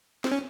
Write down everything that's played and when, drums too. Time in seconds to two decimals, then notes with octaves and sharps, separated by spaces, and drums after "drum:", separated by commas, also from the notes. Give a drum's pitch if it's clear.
0.24 C4, drum: snare
0.32 C#4